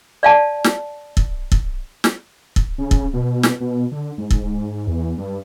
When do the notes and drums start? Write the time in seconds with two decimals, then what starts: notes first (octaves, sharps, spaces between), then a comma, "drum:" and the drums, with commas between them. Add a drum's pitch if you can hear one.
0.23 D5 F5 A5
0.64 drum: snare
1.17 drum: kick
1.52 drum: kick
2.04 drum: snare
2.56 drum: kick
2.78 C#3
2.91 drum: kick
3.13 B2
3.43 drum: snare
3.60 B2
3.92 D3
4.18 G#2
4.31 drum: kick
4.87 E2
5.18 G2